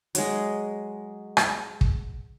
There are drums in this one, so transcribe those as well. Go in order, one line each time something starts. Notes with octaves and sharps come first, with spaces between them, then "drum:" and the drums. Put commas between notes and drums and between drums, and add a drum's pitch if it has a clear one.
F#3 G#3, drum: hi-hat
drum: rim click
drum: kick